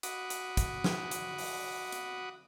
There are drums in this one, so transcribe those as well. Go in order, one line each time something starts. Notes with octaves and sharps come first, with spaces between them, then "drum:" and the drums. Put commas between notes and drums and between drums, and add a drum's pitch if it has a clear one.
F#4 F#5 B5 D6 D#6, drum: hi-hat
drum: hi-hat
drum: kick, hi-hat
drum: snare
drum: hi-hat
drum: open hi-hat
drum: hi-hat